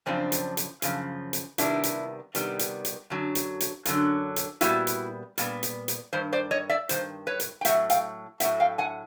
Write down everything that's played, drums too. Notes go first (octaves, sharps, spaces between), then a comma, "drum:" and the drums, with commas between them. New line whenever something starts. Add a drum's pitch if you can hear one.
F#2 C#3 F3 C4 D4
drum: hi-hat
drum: hi-hat
F#2 C#3 F3, drum: hi-hat
drum: hi-hat
C3 D#3 G3 B3 D4 E4, drum: hi-hat
drum: hi-hat
C3 D#3 G3 B3, drum: hi-hat
drum: hi-hat
drum: hi-hat
F#2 D3 F#3
drum: hi-hat
drum: hi-hat
F#2 D3 F#3, drum: hi-hat
drum: hi-hat
A#2 G3 B3 E4 F#4, drum: hi-hat
drum: hi-hat
A#2 G3 B3, drum: hi-hat
drum: hi-hat
drum: hi-hat
G2 D#3 C5
C5 D5
C#5 D#5
D5 E5
G2 D#3 C5, drum: hi-hat
B4 C#5
drum: hi-hat
G5
A2 F#3 A3 E5 F#5, drum: hi-hat
F5 G5, drum: hi-hat
A2 F#3 A3 E5 F#5, drum: hi-hat
F5 G5
F#5 G#5